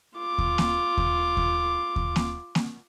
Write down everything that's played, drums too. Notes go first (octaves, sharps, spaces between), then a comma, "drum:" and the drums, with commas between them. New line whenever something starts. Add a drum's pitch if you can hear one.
F4 D6
drum: kick D#2
drum: snare A#3
drum: kick D#2
drum: kick D#2
drum: kick D#2
drum: snare A#3
drum: snare A#3